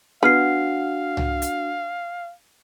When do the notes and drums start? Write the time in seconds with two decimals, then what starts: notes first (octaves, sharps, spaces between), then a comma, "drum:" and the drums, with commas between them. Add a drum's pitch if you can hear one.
0.23 B3 D4 F#4 F5 F#5 F6 C7
1.17 drum: tom C2
1.42 drum: hi-hat